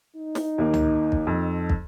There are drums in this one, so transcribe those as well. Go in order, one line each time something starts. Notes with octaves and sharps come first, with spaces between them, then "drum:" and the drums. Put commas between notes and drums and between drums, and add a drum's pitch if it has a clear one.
D#4
drum: snare
D#2 A#3
drum: tom C#2
drum: kick
F2
drum: kick